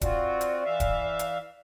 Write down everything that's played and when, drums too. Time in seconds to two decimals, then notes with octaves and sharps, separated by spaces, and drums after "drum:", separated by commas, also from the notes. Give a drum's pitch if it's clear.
0.01 C4 F4 F#4 D5, drum: kick, hi-hat
0.41 drum: hi-hat
0.65 E3 E5 F5
0.80 drum: kick, hi-hat
1.19 drum: hi-hat